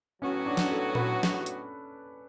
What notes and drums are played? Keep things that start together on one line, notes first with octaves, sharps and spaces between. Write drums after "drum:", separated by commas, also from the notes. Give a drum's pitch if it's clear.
A2 F#3 B3 C#4 F#4
D4
drum: snare
A4
B4, drum: tom A#2
drum: snare
drum: hi-hat